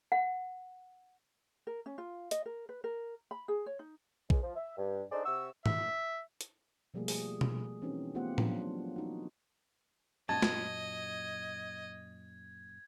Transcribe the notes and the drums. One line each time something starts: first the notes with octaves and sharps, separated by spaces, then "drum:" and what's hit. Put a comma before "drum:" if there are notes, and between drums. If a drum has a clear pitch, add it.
F#5
A#4
C#4
F4
D#5, drum: hi-hat
A#4
B4
A#4
B5
G#4
C#5
D#4
C#2 G#3, drum: kick
F3
E5
G2
D4 D#4 G#4 A4 C5 D5
C3 E5 F#5 C#6 E6
E5, drum: tom G#2
drum: hi-hat
B2 F3 G3 A3 A#3 G#4
G#4, drum: open hi-hat
drum: tom B2
E3 C4 C#4 D#4 F#4
A3 B3 F4 G4 C5 F#5
F3 F#3 A#3 D4 F4, drum: tom A2
D#4 F#4
F#2 A#2 F#4 D#5 A5 G#6
drum: snare